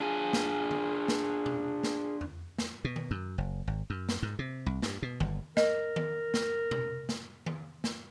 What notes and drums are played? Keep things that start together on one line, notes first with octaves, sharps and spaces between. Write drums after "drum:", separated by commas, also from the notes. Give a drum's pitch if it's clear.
D4 F4 G#4 G#5
drum: snare
drum: tom D3
drum: snare
drum: tom B2
drum: snare
drum: tom E2
drum: snare
B2
drum: tom D#3
F#2
F#1
G#1
F#2
drum: snare
G#2
C3
C2
G2, drum: snare
B2
G1, drum: tom D#3
A#4 D#5, drum: snare
drum: tom D#3
drum: snare
drum: tom B2
drum: snare
drum: tom D#3
drum: snare